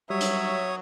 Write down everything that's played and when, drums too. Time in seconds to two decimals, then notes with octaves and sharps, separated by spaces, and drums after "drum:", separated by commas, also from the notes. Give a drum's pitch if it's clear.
0.10 F#3 G3 C#5 E5 D#6
0.21 drum: hi-hat